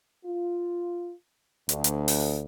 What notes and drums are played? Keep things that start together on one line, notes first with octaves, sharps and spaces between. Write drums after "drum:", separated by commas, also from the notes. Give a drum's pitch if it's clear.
F4
D2, drum: hi-hat
drum: hi-hat
drum: open hi-hat